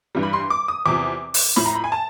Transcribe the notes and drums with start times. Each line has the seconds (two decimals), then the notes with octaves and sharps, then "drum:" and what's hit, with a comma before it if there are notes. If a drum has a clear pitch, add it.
0.15 G2 E3 G3
0.23 B5
0.33 C6
0.50 D6
0.68 D#6
0.85 E2 C3 F3 D6
1.34 drum: open hi-hat
1.56 A2 F3 B5, drum: snare
1.66 A#5
1.75 B5
1.84 G#5
1.92 A5